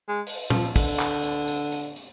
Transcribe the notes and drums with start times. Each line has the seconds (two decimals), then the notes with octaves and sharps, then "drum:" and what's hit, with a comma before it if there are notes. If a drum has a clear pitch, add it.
0.08 G#3
0.27 drum: open hi-hat
0.50 F3, drum: tom
0.76 D3, drum: kick, open hi-hat
0.99 drum: clap
1.24 drum: hi-hat
1.48 drum: hi-hat
1.72 drum: hi-hat
1.96 drum: hi-hat